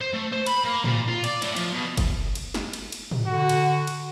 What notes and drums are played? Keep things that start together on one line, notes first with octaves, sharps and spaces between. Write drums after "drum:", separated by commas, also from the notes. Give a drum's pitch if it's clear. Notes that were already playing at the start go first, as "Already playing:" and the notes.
C5
A3
C5
B5, drum: cymbal
A#3
A#2, drum: tom
F4
D5, drum: cymbal
A2, drum: cymbal
F3, drum: cymbal
B2
drum: kick, cymbal
drum: cymbal
drum: snare
drum: cymbal
drum: cymbal
drum: tom
D3 F#4
drum: cymbal
drum: cymbal